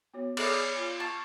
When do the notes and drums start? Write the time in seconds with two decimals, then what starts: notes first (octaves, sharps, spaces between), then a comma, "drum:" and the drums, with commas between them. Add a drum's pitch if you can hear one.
0.14 B3 F#4 C#5
0.37 G#4 A4 C#5 D5 E5 A#5 B5, drum: cymbal
0.76 F4 G#5
1.00 A5 C#6